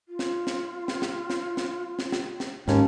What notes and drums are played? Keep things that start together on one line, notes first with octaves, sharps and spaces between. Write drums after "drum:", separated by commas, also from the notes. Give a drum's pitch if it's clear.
F4
drum: snare
drum: snare
drum: snare
drum: snare
drum: snare
drum: snare
drum: snare
drum: snare
drum: snare
D#2 G#2 C#4 A5, drum: snare